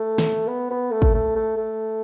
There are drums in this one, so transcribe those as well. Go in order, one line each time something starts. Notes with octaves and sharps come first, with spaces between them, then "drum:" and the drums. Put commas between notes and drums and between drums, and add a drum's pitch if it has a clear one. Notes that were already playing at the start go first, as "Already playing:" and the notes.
Already playing: A3
drum: snare
B3
B3
A3
drum: kick
A3
A3
A3